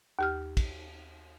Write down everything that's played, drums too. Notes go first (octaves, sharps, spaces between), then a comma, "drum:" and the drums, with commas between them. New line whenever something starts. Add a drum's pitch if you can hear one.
D#2 G4 F6
drum: kick, cymbal